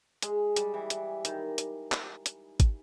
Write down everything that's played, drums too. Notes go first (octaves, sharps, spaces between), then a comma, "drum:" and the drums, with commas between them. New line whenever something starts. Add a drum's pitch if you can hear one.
G#3, drum: hi-hat
G3, drum: hi-hat
E3
drum: hi-hat
D#3, drum: hi-hat
drum: hi-hat
drum: clap
drum: hi-hat
drum: kick G#1, hi-hat